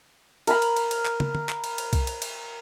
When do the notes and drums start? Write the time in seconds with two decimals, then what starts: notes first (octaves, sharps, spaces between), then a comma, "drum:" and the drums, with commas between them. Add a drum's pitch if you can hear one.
0.47 A#4 A#5 B5, drum: cymbal
0.62 drum: cymbal
0.76 drum: cymbal
0.91 drum: cymbal
1.06 drum: clap
1.20 drum: tom
1.35 drum: tom
1.49 drum: clap
1.64 drum: cymbal
1.78 drum: cymbal
1.93 drum: kick C2, cymbal
2.07 drum: cymbal
2.22 drum: cymbal